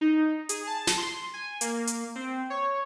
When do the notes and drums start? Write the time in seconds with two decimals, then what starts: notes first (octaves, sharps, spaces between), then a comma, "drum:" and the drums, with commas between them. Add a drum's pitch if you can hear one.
0.01 D#4
0.49 G#4, drum: hi-hat
0.67 A5
0.87 drum: snare
0.97 C6
1.34 G#5
1.61 A#3, drum: hi-hat
1.87 drum: hi-hat
2.15 C4
2.50 C#5